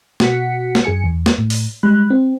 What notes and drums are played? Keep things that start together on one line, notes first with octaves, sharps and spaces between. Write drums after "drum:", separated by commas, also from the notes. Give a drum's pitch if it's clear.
B2 F#4 F#5 B6 C#7, drum: snare
drum: snare
F#2 G#4 G#5 C#7
E2
drum: snare
A2
drum: open hi-hat
G3 G#3 B5 F#6
C4